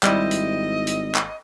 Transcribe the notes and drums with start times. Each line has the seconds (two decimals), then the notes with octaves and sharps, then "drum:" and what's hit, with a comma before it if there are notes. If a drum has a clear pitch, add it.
0.03 G#1 G3 E4 C5 D#5, drum: clap
0.31 drum: hi-hat
0.87 drum: hi-hat
1.15 drum: clap